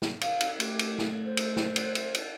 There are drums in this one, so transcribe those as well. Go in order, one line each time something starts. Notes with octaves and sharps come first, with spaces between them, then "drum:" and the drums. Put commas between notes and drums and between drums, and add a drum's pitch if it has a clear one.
drum: snare
F5, drum: cymbal
drum: cymbal
A3 G4, drum: cymbal
drum: cymbal
drum: snare
C5
drum: cymbal
drum: snare
drum: cymbal
drum: cymbal
drum: cymbal